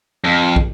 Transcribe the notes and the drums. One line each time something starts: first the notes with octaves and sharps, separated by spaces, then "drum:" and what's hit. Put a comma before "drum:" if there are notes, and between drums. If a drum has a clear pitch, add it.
F2
drum: kick